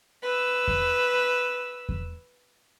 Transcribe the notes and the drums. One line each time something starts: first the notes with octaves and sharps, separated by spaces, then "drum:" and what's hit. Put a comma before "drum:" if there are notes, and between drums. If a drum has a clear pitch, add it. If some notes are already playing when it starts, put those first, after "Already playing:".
B4 E6
drum: kick E2
drum: kick E2